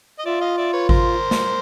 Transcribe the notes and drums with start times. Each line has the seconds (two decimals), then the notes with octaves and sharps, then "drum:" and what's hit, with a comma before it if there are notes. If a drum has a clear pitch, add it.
0.19 D#5
0.26 F4 D5 E5
0.41 D#5 F5
0.58 D5 E5
0.73 B4 C#5
0.89 A#4 C5, drum: kick G#1
1.31 drum: snare